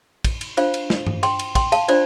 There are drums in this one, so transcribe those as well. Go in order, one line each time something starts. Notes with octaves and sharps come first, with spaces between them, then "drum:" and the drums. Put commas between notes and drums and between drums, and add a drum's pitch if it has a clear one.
drum: kick, cymbal
drum: cymbal
D4 F4 C5 F5, drum: cymbal
drum: cymbal
drum: snare
drum: tom G2
G5 C6, drum: cymbal
drum: cymbal
G5 C6, drum: kick, cymbal
F5 A5, drum: cymbal
D4 F4 C5 D5, drum: cymbal